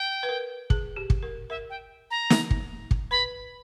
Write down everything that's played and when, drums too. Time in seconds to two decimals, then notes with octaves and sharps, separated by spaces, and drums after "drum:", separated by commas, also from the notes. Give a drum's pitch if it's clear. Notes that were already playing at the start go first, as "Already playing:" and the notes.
Already playing: G5
0.23 B4
0.29 A#4
0.70 G#4, drum: kick
0.96 G4
1.10 drum: kick
1.23 A#4
1.50 A#4 E5
1.70 G5
2.11 A#5
2.30 drum: snare
2.50 drum: kick
2.91 drum: kick
3.11 B4 B5